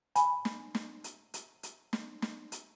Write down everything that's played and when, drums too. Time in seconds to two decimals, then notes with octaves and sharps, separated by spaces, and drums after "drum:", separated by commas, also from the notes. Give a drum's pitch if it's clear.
0.16 G#5 B5, drum: hi-hat
0.45 drum: snare
0.75 drum: snare
1.04 drum: hi-hat
1.34 drum: hi-hat
1.63 drum: hi-hat
1.93 drum: snare
2.22 drum: snare
2.52 drum: hi-hat